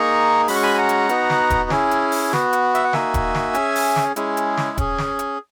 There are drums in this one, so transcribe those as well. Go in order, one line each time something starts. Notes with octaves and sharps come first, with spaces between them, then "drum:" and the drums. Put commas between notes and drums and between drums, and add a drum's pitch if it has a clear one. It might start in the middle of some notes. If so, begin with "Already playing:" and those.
Already playing: A#3 D#4 G#4 A#5 C#6
G#3 C#4 F#4 B5, drum: open hi-hat
C#6
G#5 B5
G#5
F#5 A#5
drum: hi-hat
B3 D#4 F#4, drum: hi-hat
drum: snare
drum: kick D#1, hi-hat
C#4 E4 G#4, drum: snare
drum: hi-hat
drum: open hi-hat
B3 F#4, drum: snare
drum: hi-hat
E5, drum: hi-hat
F#5
A#3 D#4 F#4 E5 G#5, drum: snare
drum: kick D#1, hi-hat
drum: snare
C#4 G#4, drum: hi-hat
drum: open hi-hat
drum: snare
G#3 C#4 E4 G#4, drum: hi-hat
drum: hi-hat
drum: snare
C#4 G#4, drum: kick D#1, hi-hat
drum: snare
drum: hi-hat